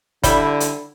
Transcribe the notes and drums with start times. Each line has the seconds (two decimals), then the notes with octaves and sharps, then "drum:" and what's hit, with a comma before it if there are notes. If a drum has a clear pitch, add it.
0.24 D3 G3 E4, drum: kick, hi-hat
0.60 drum: hi-hat